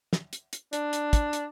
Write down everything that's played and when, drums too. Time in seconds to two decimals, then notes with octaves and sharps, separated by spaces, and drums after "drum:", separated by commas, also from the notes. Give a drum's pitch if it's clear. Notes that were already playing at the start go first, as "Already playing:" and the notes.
0.13 drum: snare
0.33 drum: hi-hat
0.53 drum: hi-hat
0.73 D4, drum: hi-hat
0.93 drum: hi-hat
1.13 drum: kick, hi-hat
1.33 drum: hi-hat